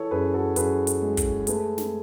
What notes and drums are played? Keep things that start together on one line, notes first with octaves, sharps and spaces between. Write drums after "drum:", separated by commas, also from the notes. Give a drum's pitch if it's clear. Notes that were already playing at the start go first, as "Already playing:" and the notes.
Already playing: E3 A4 C#5
F#2 G#4 B4
F#4 A4
F#2 G#4 B4, drum: hi-hat
drum: hi-hat
G#3
drum: kick, hi-hat
A3 G#4 B4, drum: hi-hat
drum: snare